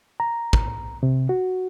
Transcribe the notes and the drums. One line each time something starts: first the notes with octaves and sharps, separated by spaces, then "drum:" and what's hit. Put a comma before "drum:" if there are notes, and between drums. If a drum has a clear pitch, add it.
A#5
drum: kick
C3
F#4